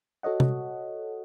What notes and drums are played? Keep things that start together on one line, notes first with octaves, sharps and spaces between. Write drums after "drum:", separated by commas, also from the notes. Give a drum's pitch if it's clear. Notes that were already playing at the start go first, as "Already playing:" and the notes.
F#4 A4 C#5 D#5 F#5
drum: tom C3